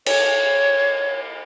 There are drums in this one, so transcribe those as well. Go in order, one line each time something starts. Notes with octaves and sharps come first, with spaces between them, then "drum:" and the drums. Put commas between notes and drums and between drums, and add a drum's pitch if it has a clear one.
C#5, drum: cymbal